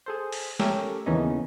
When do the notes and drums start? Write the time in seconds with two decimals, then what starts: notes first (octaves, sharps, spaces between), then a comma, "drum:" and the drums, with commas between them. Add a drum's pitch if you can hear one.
0.06 G#4 A4 C5
0.32 drum: open hi-hat
0.60 A3 C#4 G4 A4 A#4 C#5, drum: snare
1.06 D#2 C#3 E3 B3 C#4 D#4